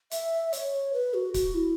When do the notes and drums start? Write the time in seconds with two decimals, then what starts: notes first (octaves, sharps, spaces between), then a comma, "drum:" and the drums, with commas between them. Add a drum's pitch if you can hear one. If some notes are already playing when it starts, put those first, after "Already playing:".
0.11 E5, drum: hi-hat
0.53 C#5, drum: hi-hat
0.93 B4
1.14 F#4
1.34 F#4, drum: kick C#1, hi-hat
1.54 E4